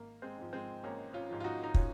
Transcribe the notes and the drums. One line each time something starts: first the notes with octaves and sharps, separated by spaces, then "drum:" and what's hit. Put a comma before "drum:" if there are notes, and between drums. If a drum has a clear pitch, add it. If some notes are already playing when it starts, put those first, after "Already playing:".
Already playing: G#1 A#3
G#3 C4
G#2 F3
G#3 C4
G#1 A#3 C#4
C#4 F4
G#2 F3
F4
D#4 F#4
D#4
C#4 F4, drum: kick